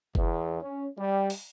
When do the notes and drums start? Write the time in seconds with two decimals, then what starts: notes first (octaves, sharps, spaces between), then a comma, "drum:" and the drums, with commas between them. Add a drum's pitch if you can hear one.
0.15 E2, drum: kick F#1
0.62 C#4
0.98 G3
1.30 drum: open hi-hat